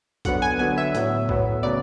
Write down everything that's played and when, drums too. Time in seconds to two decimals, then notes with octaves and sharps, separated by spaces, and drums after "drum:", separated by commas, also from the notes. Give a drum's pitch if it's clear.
0.25 D3 F#3 B3 F#5, drum: kick, hi-hat
0.42 G#5
0.59 D3 F#3 B3 G#5
0.78 E5
0.95 A2 F#3 B3, drum: hi-hat
1.29 A2 F#3 B3, drum: kick
1.63 C#3 F#3 B3 D5